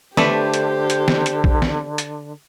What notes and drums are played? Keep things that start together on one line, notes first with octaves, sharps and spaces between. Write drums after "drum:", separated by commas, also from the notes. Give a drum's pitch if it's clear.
D3 A3 D4 G4 B4 C5, drum: snare
drum: hi-hat
drum: hi-hat
drum: snare
drum: hi-hat
drum: kick A#1
drum: snare
drum: hi-hat